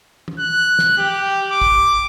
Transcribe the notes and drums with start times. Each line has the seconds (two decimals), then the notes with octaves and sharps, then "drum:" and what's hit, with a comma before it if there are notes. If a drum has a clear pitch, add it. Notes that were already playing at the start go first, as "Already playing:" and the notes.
0.28 drum: tom
0.39 F#6
0.79 drum: snare
0.98 G4
1.51 D6
1.62 drum: kick